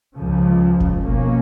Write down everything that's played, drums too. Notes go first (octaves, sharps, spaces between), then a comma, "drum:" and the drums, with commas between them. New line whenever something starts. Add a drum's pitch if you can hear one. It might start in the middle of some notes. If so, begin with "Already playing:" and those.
C#2 C#3 F3
drum: kick F#1
B2 A#3 C#4